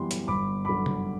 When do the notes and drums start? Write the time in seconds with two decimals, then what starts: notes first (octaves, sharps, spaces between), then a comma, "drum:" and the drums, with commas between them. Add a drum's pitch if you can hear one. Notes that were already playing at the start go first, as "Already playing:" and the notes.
Already playing: F#2 E3 G3 B3 C6
0.11 drum: hi-hat
0.27 G1 B5 D6
0.65 F#2 D3 B5 D6
0.86 drum: tom C3